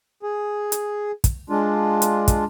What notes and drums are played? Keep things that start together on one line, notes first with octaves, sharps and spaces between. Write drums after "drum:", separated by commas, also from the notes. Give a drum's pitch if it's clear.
G#4
drum: hi-hat
drum: kick, hi-hat
G#3 D4 F4
drum: hi-hat
drum: kick, hi-hat